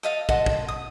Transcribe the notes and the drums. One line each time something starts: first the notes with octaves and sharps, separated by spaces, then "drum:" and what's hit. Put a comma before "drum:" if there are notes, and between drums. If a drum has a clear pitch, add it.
A4 D#5 F5
D#5 F#5 A5 C6, drum: kick
drum: kick
D#6